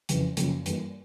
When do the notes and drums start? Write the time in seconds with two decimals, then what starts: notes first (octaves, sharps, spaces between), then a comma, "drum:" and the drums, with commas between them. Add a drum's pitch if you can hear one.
0.09 F2 C#3 E3, drum: hi-hat
0.37 F#2 C#3 F3 A#3, drum: hi-hat
0.66 G2 E3 G3 A#3, drum: hi-hat